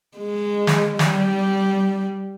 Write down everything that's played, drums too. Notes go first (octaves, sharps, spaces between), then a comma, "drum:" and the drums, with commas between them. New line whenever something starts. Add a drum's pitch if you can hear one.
G#3
drum: snare
G3, drum: snare